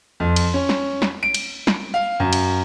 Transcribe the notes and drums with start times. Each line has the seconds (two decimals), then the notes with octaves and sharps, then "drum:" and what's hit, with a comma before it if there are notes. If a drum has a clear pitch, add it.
0.20 F2
0.36 drum: cymbal
0.54 C#4
0.69 drum: snare
1.02 drum: snare
1.23 D7
1.34 drum: cymbal
1.67 drum: snare
1.94 F5
2.20 F#2
2.33 drum: cymbal